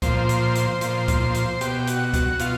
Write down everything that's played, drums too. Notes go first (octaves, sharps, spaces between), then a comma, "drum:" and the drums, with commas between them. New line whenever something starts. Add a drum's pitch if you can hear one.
A#2 F3 C5, drum: kick C#2, hi-hat
drum: hi-hat
drum: hi-hat
A#2 F3, drum: hi-hat
drum: kick C#2, hi-hat
drum: hi-hat
B2 G4, drum: hi-hat
F#4, drum: hi-hat
F#4, drum: kick C#2, hi-hat
B2 F4, drum: hi-hat